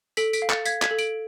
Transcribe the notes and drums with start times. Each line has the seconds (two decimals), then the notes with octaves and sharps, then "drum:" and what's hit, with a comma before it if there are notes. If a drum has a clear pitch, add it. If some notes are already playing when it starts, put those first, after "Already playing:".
0.17 A4 B6 D7, drum: tambourine
0.33 B6 D7, drum: tambourine
0.42 F5
0.50 A6 C#7, drum: clap
0.65 F5 G#6 B6, drum: tambourine
0.82 G#6 B6, drum: clap
0.91 A4
0.99 D7 F#7, drum: tambourine